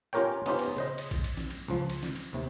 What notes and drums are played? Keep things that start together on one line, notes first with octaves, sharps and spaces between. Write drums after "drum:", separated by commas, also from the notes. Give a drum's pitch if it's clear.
C#4 F4 G4 A#4 C#5 G5
B3 C#4 D#4 F4 G4 C5, drum: cymbal
drum: cymbal
C#3 C5 D#5
drum: cymbal
drum: kick A#1, cymbal
drum: cymbal
drum: snare
drum: cymbal
C#2 F3
drum: cymbal
drum: snare
drum: cymbal
D#2 C3